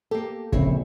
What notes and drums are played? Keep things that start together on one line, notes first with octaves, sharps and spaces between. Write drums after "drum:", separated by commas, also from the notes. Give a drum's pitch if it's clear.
A#3 G4 A4
A#1 C#3 C4 E4 C#5, drum: kick